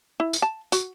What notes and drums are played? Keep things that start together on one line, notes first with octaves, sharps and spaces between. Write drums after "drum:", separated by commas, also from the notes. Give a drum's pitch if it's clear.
E4
drum: tambourine
A5
F#4, drum: tambourine